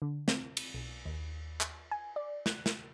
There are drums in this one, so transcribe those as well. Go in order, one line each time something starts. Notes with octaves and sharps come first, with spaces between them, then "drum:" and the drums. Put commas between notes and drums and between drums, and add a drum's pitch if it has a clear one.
D3
C4, drum: snare
drum: cymbal
B1
D#2
drum: clap
G#5
D5
F#6, drum: snare
drum: snare